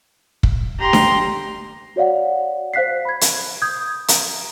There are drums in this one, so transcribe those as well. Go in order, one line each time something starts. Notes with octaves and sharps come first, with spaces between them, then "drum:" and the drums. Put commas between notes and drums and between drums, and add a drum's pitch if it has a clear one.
drum: kick
G4 A#5 C6
drum: snare D4
F#4 C#5 D5 F5 F#5
C5 F5 F#6 B6 C7
B5 G#6
drum: hi-hat
D#6 G6 G#6
A#5, drum: hi-hat